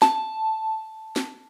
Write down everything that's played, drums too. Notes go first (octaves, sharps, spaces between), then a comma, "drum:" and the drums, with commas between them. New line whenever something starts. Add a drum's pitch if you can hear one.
A5, drum: snare
drum: snare